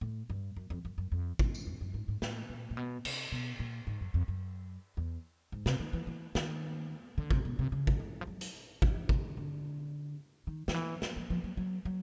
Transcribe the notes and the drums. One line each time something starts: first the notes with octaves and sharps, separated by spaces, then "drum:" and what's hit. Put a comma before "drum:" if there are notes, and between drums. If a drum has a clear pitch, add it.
A2
G2
F#2
F2
F#2
F#2
F2
E2, drum: kick G#1
drum: tambourine
F2
F#2
G#2
G#2
A2, drum: snare
A#2
A#2
B2
C3, drum: cymbal
B2
A#2
G#2
F#2
F2
F#2
E2
G#2
C3, drum: snare
D#3
E3
E3
D#3, drum: snare
D3
C3, drum: kick G#1
B2
C3
C#3
drum: kick G#1
E3
F3
F#3
drum: hi-hat
F3, drum: kick G#1
E3
C#3, drum: kick G#1
D3
D3
D#3
D#3, drum: snare
E3
F3, drum: snare
F3
F3
F#3
F#3
F#3